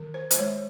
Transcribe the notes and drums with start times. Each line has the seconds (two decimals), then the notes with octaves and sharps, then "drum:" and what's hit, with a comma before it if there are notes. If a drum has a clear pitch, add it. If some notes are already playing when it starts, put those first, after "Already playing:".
Already playing: D#3
0.14 C5
0.31 C5, drum: hi-hat
0.39 G#3 C#5